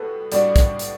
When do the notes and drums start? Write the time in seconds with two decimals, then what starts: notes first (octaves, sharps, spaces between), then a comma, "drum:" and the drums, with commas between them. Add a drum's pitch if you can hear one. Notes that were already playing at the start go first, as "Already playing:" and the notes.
Already playing: A2 G3 B3 F#4 A4 B4
0.32 A2 G3 B3 D4 F#4 D5, drum: hi-hat
0.56 drum: kick, hi-hat
0.79 drum: hi-hat